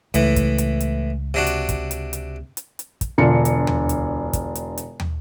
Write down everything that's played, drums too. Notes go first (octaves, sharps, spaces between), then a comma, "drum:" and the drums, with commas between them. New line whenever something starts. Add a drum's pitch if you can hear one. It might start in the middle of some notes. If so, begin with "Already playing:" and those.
C#2 A2 E3, drum: hi-hat
drum: kick, hi-hat
drum: hi-hat
drum: hi-hat
C3 D4 F#4
drum: hi-hat
drum: kick, hi-hat
drum: hi-hat
drum: hi-hat
drum: hi-hat
drum: hi-hat
drum: kick, hi-hat
E1 D3 D4 F4 C#7
drum: hi-hat
drum: tom
drum: hi-hat
drum: kick, hi-hat
drum: hi-hat
drum: hi-hat
drum: tom